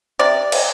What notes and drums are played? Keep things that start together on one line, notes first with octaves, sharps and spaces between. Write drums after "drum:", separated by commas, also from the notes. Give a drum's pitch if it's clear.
C3 D5
drum: cymbal